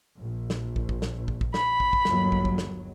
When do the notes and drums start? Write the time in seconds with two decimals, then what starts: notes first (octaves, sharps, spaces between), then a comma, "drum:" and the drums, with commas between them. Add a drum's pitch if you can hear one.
0.20 A#1
0.50 drum: snare
0.76 drum: kick
0.89 drum: kick
1.02 drum: snare
1.28 drum: kick
1.41 drum: kick
1.54 B5, drum: snare
1.80 drum: kick
1.93 drum: kick
2.05 G1 D#2 F#3, drum: snare
2.32 drum: kick
2.45 drum: kick
2.58 drum: snare